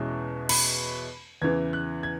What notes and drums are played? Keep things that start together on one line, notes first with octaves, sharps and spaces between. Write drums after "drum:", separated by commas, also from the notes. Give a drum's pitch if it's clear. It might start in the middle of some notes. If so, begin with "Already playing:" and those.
Already playing: E2 B2 G#3 C#4 E4
B5, drum: cymbal
E2 C#3 E3 G#6
F#6
G#6